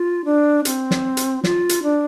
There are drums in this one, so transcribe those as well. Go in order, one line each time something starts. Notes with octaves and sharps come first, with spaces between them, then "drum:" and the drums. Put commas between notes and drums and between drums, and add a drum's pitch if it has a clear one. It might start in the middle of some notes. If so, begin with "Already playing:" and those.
Already playing: F4
D4
C4, drum: hi-hat
drum: snare
drum: hi-hat
F4, drum: snare
drum: hi-hat
D4